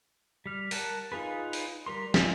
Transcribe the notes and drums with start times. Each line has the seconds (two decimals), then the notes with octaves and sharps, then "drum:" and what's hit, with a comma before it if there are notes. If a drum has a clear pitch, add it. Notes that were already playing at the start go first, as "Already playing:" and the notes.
0.46 G3 F6
0.71 A#4 F#5 A5, drum: open hi-hat
1.12 D#4 F4 G#4 B4
1.53 drum: open hi-hat
1.86 G3 A#4 C6
2.14 C4 F4 G4 G#4 E5, drum: snare